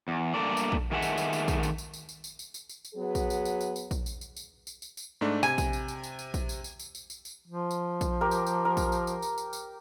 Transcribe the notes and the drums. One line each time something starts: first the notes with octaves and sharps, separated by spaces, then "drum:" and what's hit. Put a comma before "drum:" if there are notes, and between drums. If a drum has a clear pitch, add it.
E2
G2 A3 A#3 A4 D5
drum: tambourine
drum: kick A#1
D#3 A3 G#4 E5 F#5
drum: tambourine
drum: tambourine
drum: tambourine
drum: kick A#1, tambourine
drum: tambourine
drum: tambourine
drum: tambourine
drum: tambourine
drum: tambourine
drum: tambourine
drum: tambourine
drum: tambourine
drum: tambourine
F#3 B3 G#4
drum: kick A#1, tambourine
drum: tambourine
drum: tambourine
drum: tambourine
drum: tambourine
drum: kick A#1, tambourine
drum: tambourine
drum: tambourine
drum: tambourine
drum: tambourine
drum: tambourine
drum: tambourine
G#2 A3 D4
C3 G#5, drum: tambourine
drum: kick A#1, tambourine
drum: tambourine
drum: tambourine
drum: tambourine
drum: tambourine
drum: kick A#1, tambourine
drum: tambourine
drum: tambourine
drum: tambourine
drum: tambourine
drum: tambourine
drum: tambourine
F3
drum: tambourine
drum: kick A#1, tambourine
G4 A#4
drum: tambourine
drum: tambourine
A#4
drum: kick A#1, tambourine
drum: tambourine
drum: tambourine
drum: tambourine
drum: tambourine
drum: tambourine